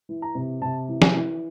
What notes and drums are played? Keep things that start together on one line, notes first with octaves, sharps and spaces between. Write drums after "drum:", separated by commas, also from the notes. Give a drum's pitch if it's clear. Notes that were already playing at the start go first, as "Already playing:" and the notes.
E3
A#5
C3
C3 A5
E3
G#5, drum: snare
E3